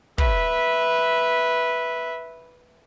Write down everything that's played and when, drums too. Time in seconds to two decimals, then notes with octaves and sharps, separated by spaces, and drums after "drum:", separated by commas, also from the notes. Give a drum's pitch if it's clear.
0.18 B4 E5, drum: kick